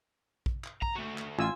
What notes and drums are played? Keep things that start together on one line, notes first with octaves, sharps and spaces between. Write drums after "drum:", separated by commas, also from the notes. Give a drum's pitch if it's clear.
drum: kick
drum: clap
A#5, drum: kick
A3 F#4
drum: clap
A1 F4 G#5 E6